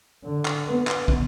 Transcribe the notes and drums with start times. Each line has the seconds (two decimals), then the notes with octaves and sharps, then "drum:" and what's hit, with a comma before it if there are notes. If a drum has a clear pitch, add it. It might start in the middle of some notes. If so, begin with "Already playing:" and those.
0.24 D3
0.45 drum: clap
0.67 B3
0.87 drum: clap
1.08 drum: kick